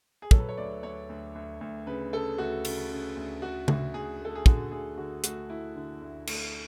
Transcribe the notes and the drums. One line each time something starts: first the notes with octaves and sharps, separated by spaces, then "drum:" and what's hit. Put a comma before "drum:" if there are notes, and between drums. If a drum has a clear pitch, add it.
G#4
F#3 A4, drum: kick
B4
C#5
D2 D5
D2 C#5
D2
D2
D2
C#3 B4
C#3 A4
D2 F#4
C#3, drum: cymbal
C#3
D2
D2 F#4
D2 F#4, drum: tom C#3
D2 G#4
A3 A4
G#4
D3 F#4, drum: kick
D2 G#4
D3 F#4
A3 F#4, drum: hi-hat
A3 E4
D3
D2
A3, drum: cymbal